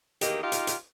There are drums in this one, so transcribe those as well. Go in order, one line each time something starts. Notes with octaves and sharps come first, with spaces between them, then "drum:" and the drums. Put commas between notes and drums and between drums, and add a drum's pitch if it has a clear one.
E2 D#3 A#3 G4 D#5, drum: hi-hat
D#4 F4 G4 D#5 F5
drum: hi-hat
drum: hi-hat